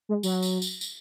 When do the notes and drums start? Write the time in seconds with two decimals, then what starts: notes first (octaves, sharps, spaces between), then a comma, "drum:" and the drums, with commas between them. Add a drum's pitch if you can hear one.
0.09 G#3
0.23 F#3, drum: tambourine
0.43 drum: tambourine
0.62 drum: tambourine
0.81 drum: tambourine